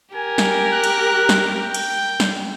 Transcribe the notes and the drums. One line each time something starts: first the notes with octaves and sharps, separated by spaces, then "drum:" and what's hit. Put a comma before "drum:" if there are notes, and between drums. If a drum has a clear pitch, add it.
G4 A#4 G#5
drum: snare
F#6
drum: cymbal
drum: snare
G5
drum: cymbal
drum: snare